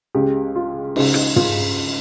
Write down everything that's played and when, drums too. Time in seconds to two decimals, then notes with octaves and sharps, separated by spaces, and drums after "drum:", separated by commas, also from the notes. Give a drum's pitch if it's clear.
0.15 C#2 C#3 G#3 G4
0.55 F4
0.96 C#2 C#3 G#3 D#4, drum: cymbal
1.14 D#4, drum: rim click
1.36 F4, drum: tom